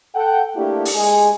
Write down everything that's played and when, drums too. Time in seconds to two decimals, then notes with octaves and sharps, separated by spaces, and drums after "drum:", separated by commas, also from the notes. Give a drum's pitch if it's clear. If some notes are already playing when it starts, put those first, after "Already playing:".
0.15 A4 F#5 G5
0.56 A3 A#3 D4 E4 G4
0.85 drum: open hi-hat
0.94 G#3 G#4 G#5